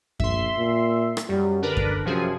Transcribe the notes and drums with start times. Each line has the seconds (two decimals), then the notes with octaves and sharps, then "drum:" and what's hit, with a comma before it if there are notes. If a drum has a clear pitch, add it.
0.20 A#1 E5 C6, drum: kick F#2
0.57 A#2
1.17 drum: rim click
1.29 F#2 G3
1.63 D3 D4 A#4 B4
1.77 drum: kick F#2
2.05 F#2 C3 F3 G#4